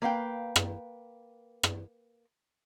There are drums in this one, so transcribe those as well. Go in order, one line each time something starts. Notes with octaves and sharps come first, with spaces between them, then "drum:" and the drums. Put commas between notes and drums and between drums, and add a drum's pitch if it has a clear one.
A#3 B4 F5 G5
drum: rim click
drum: rim click